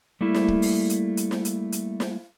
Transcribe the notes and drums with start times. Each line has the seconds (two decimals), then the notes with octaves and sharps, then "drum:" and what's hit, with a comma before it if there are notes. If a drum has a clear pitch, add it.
0.21 G3 A3 A#3 E4
0.34 drum: snare
0.48 drum: kick
0.62 drum: open hi-hat
0.90 drum: hi-hat
1.17 drum: hi-hat
1.31 drum: snare
1.45 drum: hi-hat
1.72 drum: hi-hat
2.00 drum: snare